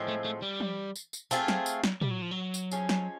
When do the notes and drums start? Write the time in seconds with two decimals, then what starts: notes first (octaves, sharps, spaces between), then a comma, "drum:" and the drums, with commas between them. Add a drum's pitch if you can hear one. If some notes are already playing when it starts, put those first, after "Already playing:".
Already playing: A2 F3 G#3 C4
0.08 A3
0.25 A3
0.42 G3
0.60 drum: tom
0.96 drum: tambourine
1.13 drum: tambourine
1.31 A3 C4 F4 G#4, drum: tambourine
1.48 drum: snare
1.66 drum: tambourine
1.84 drum: snare
2.02 G3, drum: tom
2.11 F#3
2.22 F3
2.31 F#3
2.54 drum: tambourine
2.71 F3 G#3 C#4, drum: tambourine
2.89 drum: snare